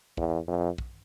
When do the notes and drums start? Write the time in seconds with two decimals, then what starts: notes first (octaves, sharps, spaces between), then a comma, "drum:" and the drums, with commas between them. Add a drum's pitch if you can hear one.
0.17 E2, drum: kick
0.48 F2
0.78 drum: kick